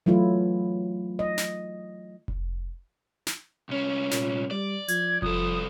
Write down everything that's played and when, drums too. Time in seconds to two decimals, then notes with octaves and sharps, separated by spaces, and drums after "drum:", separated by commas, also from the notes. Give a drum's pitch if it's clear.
0.06 E3 F#3 A3 E4 F4
1.19 D#5
1.38 drum: snare
2.28 drum: kick F1
3.27 drum: snare
3.69 C2 C#4
4.11 A#2, drum: snare
4.51 G3 D5
4.88 F3 G#6, drum: hi-hat
5.22 C2 F3 A4 D#6, drum: kick F1